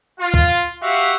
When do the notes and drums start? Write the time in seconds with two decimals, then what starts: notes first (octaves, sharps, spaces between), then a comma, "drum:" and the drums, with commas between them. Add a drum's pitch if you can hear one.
0.20 F4
0.34 drum: kick, open hi-hat
0.82 F#4 G4 E5 F5